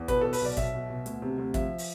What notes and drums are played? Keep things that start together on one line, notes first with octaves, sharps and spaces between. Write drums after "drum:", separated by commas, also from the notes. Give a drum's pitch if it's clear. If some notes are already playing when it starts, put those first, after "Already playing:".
Already playing: E2
B2 B4, drum: kick, hi-hat
B2 A4
B4, drum: open hi-hat
B1 D5
B1 E5, drum: kick, hi-hat
B2
B2
D2, drum: hi-hat
C3
D2
F3 E5, drum: kick, hi-hat
drum: open hi-hat